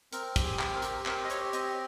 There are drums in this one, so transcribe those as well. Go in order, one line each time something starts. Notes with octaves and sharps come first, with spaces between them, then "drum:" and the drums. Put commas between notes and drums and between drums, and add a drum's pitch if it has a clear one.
C4 A#4, drum: hi-hat
G4, drum: kick, hi-hat
G#4
C4, drum: clap
A#4
G4, drum: hi-hat
C4 A#4, drum: clap
D#5
G4 C#5, drum: hi-hat
C4 D#5, drum: hi-hat